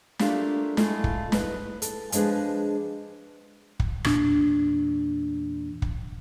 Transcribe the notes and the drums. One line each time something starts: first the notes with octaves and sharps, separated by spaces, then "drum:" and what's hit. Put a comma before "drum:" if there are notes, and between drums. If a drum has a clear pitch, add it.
A3 A#3 D4 F4 G4 A4, drum: snare
G#3 A3 E4 F4, drum: snare
drum: kick
D#4 B4 D#5, drum: snare
A4, drum: hi-hat
F3 G#3 D4 G#4 B4, drum: hi-hat
drum: kick
E2 A#2 D4, drum: rim click
drum: kick